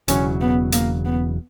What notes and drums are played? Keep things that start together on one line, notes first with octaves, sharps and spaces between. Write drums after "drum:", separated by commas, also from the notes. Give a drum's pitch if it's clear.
E1 E2 C#3 F#3 C#4, drum: hi-hat
B3
A#3, drum: hi-hat
B3